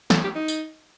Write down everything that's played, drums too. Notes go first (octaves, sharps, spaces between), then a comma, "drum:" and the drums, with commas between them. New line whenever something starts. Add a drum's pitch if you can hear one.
A4, drum: snare
G4
D#4
drum: tambourine